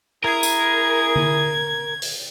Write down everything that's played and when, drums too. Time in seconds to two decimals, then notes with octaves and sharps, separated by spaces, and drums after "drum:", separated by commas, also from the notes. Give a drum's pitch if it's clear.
0.24 E4 G#4 A#4 G#6
0.43 drum: tambourine
1.16 drum: tom D3
2.02 drum: open hi-hat